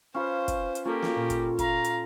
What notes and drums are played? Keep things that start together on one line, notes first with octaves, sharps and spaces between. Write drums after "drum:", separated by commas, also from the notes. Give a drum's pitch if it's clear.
C#4 F4 B4 C5
drum: kick, hi-hat
drum: hi-hat
A#3 C#4 F4 G4 A4
drum: snare
A#2
drum: kick, hi-hat
F5 A#5, drum: kick, hi-hat
drum: hi-hat